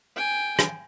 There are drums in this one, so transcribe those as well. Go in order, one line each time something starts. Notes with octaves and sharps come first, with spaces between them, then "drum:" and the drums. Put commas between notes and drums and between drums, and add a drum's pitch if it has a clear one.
G5 G#5
drum: rim click